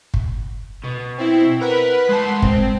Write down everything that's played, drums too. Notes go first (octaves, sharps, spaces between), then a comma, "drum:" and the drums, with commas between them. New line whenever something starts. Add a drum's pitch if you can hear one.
drum: kick
B2
C4 E4
A#4 B4 F#5 B6
G#3 A5 C6
C4, drum: kick